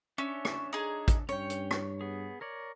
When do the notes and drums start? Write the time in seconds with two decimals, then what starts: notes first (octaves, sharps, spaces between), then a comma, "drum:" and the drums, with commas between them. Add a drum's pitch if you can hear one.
0.18 C#4 D4 C#5 E5
0.45 drum: rim click
0.73 D#4 G#4
1.08 drum: kick A1, hi-hat
1.29 G2 C#4 C#5 G5
1.50 drum: hi-hat
1.71 drum: rim click
2.01 B3 G#4
2.41 A#4 C#5 D5